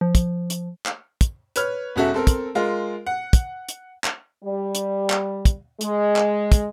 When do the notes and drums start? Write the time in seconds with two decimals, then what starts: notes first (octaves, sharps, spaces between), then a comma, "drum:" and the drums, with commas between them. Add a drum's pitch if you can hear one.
0.01 F3
0.15 drum: kick, hi-hat
0.50 drum: hi-hat
0.85 drum: clap
1.21 drum: kick, hi-hat
1.56 B4 C#5 F6, drum: hi-hat
1.96 E1 C#4 F#4 A4 E5
2.14 C4 A4 A#4
2.27 drum: kick, hi-hat
2.55 G#3 F4 A#4
3.06 F#5
3.33 drum: kick, hi-hat
3.69 drum: hi-hat
4.04 drum: clap
4.44 G3
4.75 drum: hi-hat
5.10 drum: clap
5.45 drum: kick, hi-hat
5.81 G#3, drum: hi-hat
6.16 drum: clap
6.52 drum: kick, hi-hat